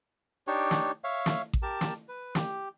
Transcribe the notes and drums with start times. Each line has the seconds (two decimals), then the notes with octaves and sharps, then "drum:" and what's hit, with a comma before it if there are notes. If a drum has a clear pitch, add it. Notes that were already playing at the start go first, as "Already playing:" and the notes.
0.47 D4 D#4 G4 C#5
0.71 drum: snare
1.04 C#5 E5 F5
1.26 drum: snare
1.53 drum: kick A1
1.62 G4 A#4 A5
1.81 drum: snare
2.09 B4
2.35 G4, drum: snare